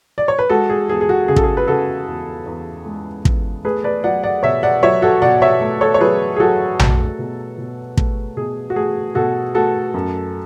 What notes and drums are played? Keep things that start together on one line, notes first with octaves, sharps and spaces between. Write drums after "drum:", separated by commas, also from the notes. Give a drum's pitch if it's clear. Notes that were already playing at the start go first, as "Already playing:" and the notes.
D5
C#5
B4
G#3 F#4 A4
G#4
E2 G#4
G#4
F#4
C#3 G#4
A4, drum: kick
G#4
B4
C#3 F#4 A4
E2
E2
G#3
E2, drum: kick
A3 G#4 B4
B4 D5
F#3 D5 F#5
D5 F#5
B2 C#5 E5
D5 F#5
F#3 C#5 E5
F#4 A4
B2 D5 F#5
C#5 E5
A3
A4 C#5
C#5
F#3 G#4 B4
G#4
F#3 F#4 A4
A3, drum: tom A#1
B2
B2
A3, drum: kick
B2 G#4
F#4
A3 G#4
B2 F#4 A4
A3 F#4 A4
F#2